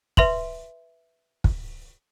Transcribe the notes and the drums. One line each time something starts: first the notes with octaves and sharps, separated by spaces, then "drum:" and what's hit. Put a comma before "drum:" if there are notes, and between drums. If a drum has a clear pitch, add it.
B4 E5 C6 F#7, drum: kick
drum: kick